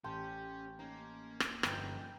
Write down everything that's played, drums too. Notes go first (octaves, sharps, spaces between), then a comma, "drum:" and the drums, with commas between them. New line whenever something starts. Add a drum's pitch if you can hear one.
A1 C#4 G4 G5 A5 C6
A#3 C#4 D#4
drum: rim click
G1 F3 A#3 D#4 B4 G5 G#5, drum: rim click